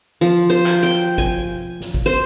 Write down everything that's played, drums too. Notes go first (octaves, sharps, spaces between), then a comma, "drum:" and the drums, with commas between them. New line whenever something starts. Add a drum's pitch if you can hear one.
F3
C5
drum: clap
G5
G#5, drum: kick
drum: snare
drum: kick
C5